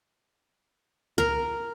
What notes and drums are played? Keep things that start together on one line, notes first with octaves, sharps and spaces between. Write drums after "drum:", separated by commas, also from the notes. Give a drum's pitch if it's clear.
A#4, drum: tom C#2